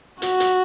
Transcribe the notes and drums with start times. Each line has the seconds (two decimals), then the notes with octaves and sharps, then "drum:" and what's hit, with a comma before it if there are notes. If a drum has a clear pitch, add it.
0.22 F#4, drum: hi-hat
0.40 drum: hi-hat